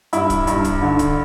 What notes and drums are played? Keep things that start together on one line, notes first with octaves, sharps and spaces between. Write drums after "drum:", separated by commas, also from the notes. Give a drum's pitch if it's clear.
G2 E4, drum: hi-hat
drum: kick, hi-hat
G2, drum: hi-hat
drum: kick, hi-hat
D3
drum: kick, hi-hat